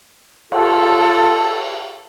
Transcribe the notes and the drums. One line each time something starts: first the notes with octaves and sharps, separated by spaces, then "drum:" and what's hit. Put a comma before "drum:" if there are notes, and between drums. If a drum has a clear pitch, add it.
F4 A4, drum: cymbal